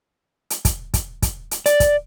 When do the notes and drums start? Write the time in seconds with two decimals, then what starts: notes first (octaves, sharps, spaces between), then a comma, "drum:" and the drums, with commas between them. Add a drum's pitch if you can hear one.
0.50 drum: hi-hat
0.65 drum: kick, hi-hat
0.94 drum: kick, hi-hat
1.22 drum: kick, hi-hat
1.51 drum: hi-hat
1.66 D5, drum: hi-hat
1.80 drum: kick, hi-hat